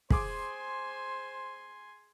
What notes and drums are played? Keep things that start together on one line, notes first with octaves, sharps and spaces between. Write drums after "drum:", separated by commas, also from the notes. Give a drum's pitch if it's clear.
G#4 C5 G#5 C6 D6, drum: kick